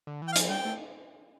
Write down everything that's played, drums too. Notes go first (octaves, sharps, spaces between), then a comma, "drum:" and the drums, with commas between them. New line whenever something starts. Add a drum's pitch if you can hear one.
D3
E3
G5
F5
F3, drum: hi-hat
G3 G5
A3